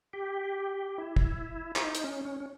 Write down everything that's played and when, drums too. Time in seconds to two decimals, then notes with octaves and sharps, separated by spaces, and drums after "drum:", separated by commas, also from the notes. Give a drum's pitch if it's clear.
0.13 G4
0.98 E4
1.16 drum: kick
1.76 E4, drum: clap
1.82 D#4
1.95 drum: hi-hat
2.04 C#4
2.25 C#4
2.40 C#4